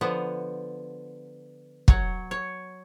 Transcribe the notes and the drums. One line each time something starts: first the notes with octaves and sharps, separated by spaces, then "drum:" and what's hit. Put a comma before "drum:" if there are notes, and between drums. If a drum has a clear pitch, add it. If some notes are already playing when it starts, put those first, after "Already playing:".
D3 F3 B3
F#3 C#5, drum: kick
C#5